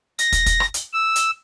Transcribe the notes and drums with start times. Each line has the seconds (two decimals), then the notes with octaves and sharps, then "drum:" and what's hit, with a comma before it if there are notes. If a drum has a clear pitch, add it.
0.19 A#6, drum: hi-hat
0.32 drum: kick, hi-hat
0.46 drum: kick, hi-hat
0.60 drum: rim click
0.74 drum: hi-hat
0.93 E6
1.16 drum: hi-hat